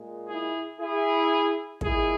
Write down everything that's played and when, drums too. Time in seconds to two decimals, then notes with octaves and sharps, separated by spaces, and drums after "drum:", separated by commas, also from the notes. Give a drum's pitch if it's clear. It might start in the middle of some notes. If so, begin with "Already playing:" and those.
Already playing: A#2 G#3
0.29 E4 G#4
0.80 E4 G#4
1.81 A#2 G#3 E4 G#4, drum: kick